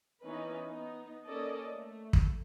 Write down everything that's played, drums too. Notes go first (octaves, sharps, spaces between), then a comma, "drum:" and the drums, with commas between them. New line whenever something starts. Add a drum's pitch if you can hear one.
E3 B3 C#4 D#4 B4
B3 D#4
A#3 C#4 A4 D5 D#5
A3
drum: kick